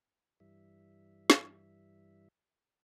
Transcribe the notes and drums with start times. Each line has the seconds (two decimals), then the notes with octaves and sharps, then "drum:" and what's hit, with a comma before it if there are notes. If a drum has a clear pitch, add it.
0.40 G2 E3 G3 E5
1.30 drum: snare